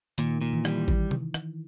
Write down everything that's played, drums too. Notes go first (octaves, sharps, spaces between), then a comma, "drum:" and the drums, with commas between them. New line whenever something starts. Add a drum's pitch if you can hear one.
A#2 D#3, drum: hi-hat
A#2
E3
G3, drum: rim click
drum: kick A1
drum: tom C3
drum: rim click